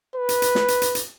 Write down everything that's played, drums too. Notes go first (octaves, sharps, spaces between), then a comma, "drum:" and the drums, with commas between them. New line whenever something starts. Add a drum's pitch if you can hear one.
B4
drum: hi-hat
drum: hi-hat
drum: snare
drum: hi-hat
drum: hi-hat
drum: hi-hat